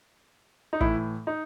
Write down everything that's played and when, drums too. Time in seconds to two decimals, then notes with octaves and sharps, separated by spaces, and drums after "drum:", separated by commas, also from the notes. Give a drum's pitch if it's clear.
0.73 D#4
0.80 A2 E3 E4, drum: kick
1.27 D#4